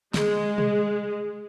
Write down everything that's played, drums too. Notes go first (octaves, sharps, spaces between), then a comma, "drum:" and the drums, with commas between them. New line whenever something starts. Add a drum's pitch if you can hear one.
G#3, drum: snare
drum: tom B2